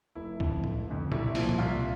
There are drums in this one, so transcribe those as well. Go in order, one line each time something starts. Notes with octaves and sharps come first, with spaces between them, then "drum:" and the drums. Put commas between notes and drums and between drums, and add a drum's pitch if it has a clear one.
F1 E4
F2 D3 F3, drum: kick C2
F1, drum: tom
F2 D3 F3
C2 E4, drum: tom A#2
A#2 F3, drum: open hi-hat
drum: tom A#2
C2 F4